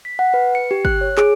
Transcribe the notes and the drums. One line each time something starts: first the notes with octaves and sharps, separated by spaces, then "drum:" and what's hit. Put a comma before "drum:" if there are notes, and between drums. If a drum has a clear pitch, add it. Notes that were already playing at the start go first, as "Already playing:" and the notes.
B6
F#5
B4
C#7
G4
F#6, drum: kick
C#5
G#4, drum: clap